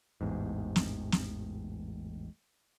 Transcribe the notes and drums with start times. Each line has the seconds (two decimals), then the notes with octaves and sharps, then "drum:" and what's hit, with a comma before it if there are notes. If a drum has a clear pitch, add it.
0.21 A1 E2 G#2
0.76 drum: snare
1.12 drum: snare